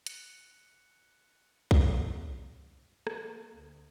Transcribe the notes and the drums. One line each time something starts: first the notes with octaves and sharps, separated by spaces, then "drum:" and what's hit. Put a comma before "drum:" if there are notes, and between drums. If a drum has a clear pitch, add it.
F#6 C#7, drum: hi-hat
G3, drum: kick B1
drum: rim click
A#3
D2